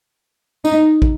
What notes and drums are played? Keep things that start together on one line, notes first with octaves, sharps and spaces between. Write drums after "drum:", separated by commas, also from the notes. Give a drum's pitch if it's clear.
D#4, drum: tambourine
drum: kick